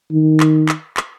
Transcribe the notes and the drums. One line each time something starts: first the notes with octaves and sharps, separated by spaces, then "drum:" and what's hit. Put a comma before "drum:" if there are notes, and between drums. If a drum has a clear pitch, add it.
D#3
drum: clap
drum: clap
drum: clap